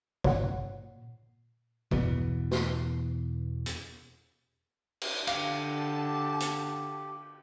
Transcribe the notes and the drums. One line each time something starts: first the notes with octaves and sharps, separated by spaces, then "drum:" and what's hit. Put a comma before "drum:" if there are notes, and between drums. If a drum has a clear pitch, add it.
A#2 C#5 F#5, drum: kick
E2 B2 E3 B3, drum: kick
drum: snare
drum: hi-hat
drum: cymbal
D3 G4 F5 A5, drum: cymbal
drum: hi-hat